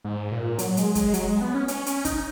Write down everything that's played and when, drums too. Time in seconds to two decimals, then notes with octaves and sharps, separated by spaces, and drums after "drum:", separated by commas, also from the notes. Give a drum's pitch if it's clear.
0.04 G#2
0.32 A#2
0.59 F#3, drum: hi-hat
0.77 G#3, drum: hi-hat
0.95 G#3, drum: kick, hi-hat
1.14 F#3, drum: hi-hat
1.27 G#3
1.41 B3
1.55 C#4
1.68 C#4, drum: hi-hat
1.86 C#4, drum: hi-hat
2.05 D#4, drum: kick, hi-hat